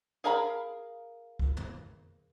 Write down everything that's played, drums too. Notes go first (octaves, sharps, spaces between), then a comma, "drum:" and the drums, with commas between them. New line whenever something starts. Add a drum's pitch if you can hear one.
G#4 A#4 F5 A#5 B5
drum: kick
drum: tom